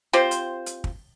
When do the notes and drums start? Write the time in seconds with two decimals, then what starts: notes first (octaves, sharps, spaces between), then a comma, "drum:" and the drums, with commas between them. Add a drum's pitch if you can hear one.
0.13 C4 F4 G4 C5, drum: snare
0.31 drum: hi-hat
0.66 drum: hi-hat
0.84 drum: kick